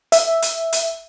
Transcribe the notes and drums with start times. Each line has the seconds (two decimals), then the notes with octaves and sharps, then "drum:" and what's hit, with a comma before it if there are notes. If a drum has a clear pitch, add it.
0.12 E5, drum: hi-hat
0.42 drum: hi-hat
0.72 drum: hi-hat